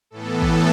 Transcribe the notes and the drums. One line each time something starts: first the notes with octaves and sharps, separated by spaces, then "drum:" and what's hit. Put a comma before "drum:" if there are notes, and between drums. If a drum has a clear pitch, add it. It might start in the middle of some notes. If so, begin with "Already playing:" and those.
A2 E3 B3 A4
drum: kick